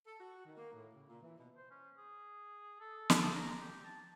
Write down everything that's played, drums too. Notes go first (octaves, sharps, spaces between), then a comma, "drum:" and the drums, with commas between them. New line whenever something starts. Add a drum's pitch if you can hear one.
A4
F#4
D#3
A#3
A2
C#3
A#2
E3
B2
C5
C#4
G#4
A4
drum: snare
A#5
G4
A5